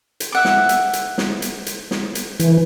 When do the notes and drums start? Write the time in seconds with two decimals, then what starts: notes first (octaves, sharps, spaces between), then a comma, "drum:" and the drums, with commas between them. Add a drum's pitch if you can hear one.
0.20 drum: hi-hat
0.32 E5 F#5 D6
0.45 drum: snare
0.69 drum: hi-hat
0.93 drum: hi-hat
1.18 drum: snare
1.42 drum: hi-hat
1.66 drum: hi-hat
1.91 drum: snare
2.15 drum: hi-hat
2.40 E3, drum: hi-hat